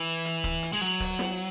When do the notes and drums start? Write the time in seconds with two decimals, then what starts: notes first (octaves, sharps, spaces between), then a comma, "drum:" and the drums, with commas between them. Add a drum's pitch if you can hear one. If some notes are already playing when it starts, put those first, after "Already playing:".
Already playing: E3
0.25 drum: hi-hat
0.44 drum: kick, hi-hat
0.63 drum: hi-hat
0.73 G#3
0.81 F#3, drum: hi-hat
1.00 drum: kick, open hi-hat
1.19 drum: snare